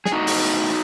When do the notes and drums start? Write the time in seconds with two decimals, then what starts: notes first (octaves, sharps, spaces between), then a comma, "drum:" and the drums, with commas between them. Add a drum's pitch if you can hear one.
0.05 G#4, drum: snare
0.12 A2 D#4 F#4
0.27 drum: open hi-hat
0.44 A2